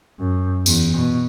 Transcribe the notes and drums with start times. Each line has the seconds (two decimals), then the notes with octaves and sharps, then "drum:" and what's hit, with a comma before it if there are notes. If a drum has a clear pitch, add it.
0.20 F#2
0.66 E2, drum: tambourine
0.97 B2